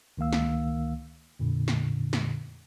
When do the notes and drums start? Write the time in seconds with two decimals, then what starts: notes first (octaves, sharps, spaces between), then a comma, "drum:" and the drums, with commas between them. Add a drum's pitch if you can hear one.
0.17 C#2 D#3 A#3 F5 E6
0.33 drum: snare
1.39 F2 A#2 D3
1.68 drum: snare
2.13 drum: snare